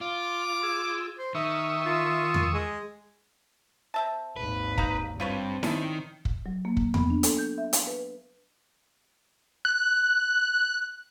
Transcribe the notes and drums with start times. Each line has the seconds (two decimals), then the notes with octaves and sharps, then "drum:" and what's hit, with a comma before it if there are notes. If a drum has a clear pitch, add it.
0.01 F4 D6
0.63 G#4 E6
1.18 C5
1.35 D#3 E5 C#6 D#6 E6
1.86 F4
2.34 drum: tom E2
2.54 G#3
3.94 C4 E5 A5
4.36 G#1 D#2 B4
4.78 D#4 F5 A#5, drum: kick
5.20 G2 C4 F4 B4 C#5
5.63 D#3 C#4 D4 E4, drum: snare E4
6.25 drum: kick
6.46 F#3
6.65 A#3
6.77 A#3, drum: kick
6.94 B3, drum: tom E2
7.10 D4
7.23 A4, drum: hi-hat
7.38 G6
7.58 E5
7.73 F5, drum: hi-hat
7.87 B4
9.65 F#6